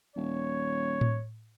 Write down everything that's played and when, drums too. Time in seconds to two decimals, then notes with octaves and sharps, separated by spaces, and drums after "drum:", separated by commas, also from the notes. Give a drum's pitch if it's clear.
0.16 D#1 C#5
1.01 drum: tom A2